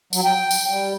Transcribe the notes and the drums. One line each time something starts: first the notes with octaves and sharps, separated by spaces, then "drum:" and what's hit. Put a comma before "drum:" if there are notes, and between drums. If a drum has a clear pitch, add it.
F#3, drum: tambourine
G5
drum: tambourine
G3